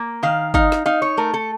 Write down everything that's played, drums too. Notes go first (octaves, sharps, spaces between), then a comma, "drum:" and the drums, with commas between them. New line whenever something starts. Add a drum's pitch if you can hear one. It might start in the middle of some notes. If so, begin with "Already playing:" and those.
Already playing: A#3
D#3 F5
D#4 F5, drum: kick G1
drum: snare
D#4 F5
C#5
A3 A#4
A4